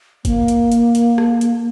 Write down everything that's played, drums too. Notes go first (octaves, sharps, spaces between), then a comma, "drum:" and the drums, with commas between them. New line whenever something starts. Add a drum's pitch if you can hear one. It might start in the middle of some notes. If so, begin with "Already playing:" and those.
A#3, drum: kick G1, hi-hat
drum: hi-hat
drum: hi-hat
drum: hi-hat
drum: rim click
drum: hi-hat